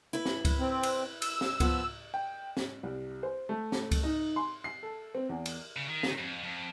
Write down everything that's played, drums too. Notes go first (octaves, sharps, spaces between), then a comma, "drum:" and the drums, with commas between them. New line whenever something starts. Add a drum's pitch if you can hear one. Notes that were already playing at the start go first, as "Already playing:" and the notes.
E4 B4
drum: snare
drum: kick C#2, cymbal
C4
drum: cymbal
E6, drum: cymbal
drum: snare
F3 B3, drum: kick C#2, cymbal
G5
drum: snare
C2
C5
A3
drum: snare
drum: kick C#2, cymbal
D#4
C6
C7
A4
C4
E2
drum: cymbal
C#3
D#3
drum: snare
F2
F2